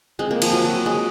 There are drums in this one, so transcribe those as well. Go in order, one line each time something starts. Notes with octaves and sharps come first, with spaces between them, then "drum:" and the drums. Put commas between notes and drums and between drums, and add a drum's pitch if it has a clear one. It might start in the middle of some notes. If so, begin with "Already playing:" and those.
G#3 C4
A#3
F3, drum: cymbal
F#3
F#3
G#3